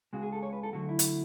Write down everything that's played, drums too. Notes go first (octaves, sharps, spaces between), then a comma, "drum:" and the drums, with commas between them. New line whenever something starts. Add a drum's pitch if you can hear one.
C#2 C#3 G#3 F#4
G#4
A4
C#5
B4
A4
D2 D3 F#3 A3 F#4
E4
drum: hi-hat